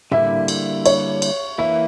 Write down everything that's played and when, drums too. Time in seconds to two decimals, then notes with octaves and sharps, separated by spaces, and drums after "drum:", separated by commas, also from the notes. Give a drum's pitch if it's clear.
0.11 D3 G3 A#3 E4 E5, drum: tom A2
0.48 drum: cymbal
0.86 C#5, drum: cymbal
1.22 drum: cymbal
1.58 E3 A#3 E4 E5